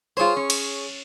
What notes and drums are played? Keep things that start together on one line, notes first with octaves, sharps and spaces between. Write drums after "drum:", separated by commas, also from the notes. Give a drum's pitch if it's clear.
F4 G#4 C5 C#5
C#4
drum: cymbal